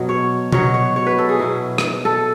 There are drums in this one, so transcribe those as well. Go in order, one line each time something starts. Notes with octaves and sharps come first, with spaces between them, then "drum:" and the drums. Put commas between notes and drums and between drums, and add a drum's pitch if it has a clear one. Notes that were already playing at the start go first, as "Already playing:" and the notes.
Already playing: B2 F#3
C#5
B2 F#3 C#5, drum: tom B2
C#5
C#5
B4
A4
G#4
B2 F#3 E4
drum: rim click
A4